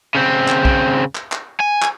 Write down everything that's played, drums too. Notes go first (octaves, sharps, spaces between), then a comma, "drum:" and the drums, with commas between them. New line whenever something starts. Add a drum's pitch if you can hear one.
C#3 C4
drum: clap
drum: kick B1
drum: clap
drum: clap
G#5
drum: clap